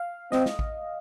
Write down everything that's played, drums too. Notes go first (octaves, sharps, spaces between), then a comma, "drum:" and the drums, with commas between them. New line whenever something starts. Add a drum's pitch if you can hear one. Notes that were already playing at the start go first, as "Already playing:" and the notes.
Already playing: F5
C4 D#5, drum: snare
drum: snare
drum: kick A1